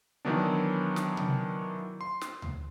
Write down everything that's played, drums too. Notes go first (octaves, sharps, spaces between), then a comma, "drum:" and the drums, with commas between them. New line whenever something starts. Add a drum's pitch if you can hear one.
D#3 E3 F#3 B3 D4
drum: snare
drum: tom C3
C6
drum: snare
drum: tom D2